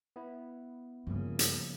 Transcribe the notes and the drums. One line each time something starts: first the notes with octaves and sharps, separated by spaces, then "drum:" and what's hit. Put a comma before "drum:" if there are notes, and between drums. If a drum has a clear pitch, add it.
B3 E4
G2 C#3 F3 A#3
drum: hi-hat